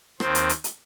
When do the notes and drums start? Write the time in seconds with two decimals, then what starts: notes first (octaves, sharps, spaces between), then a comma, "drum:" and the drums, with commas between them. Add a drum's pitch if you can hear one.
0.20 D#2 D#3 C4 C5, drum: rim click
0.35 drum: hi-hat
0.49 drum: hi-hat
0.64 drum: hi-hat